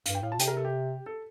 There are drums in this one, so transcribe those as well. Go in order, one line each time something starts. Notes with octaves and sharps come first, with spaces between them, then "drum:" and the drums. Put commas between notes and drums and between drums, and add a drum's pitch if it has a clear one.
G2 F5, drum: hi-hat
G5
A2 F5
A#2 A5
C3 G5, drum: hi-hat
A#4
A4
G4
A4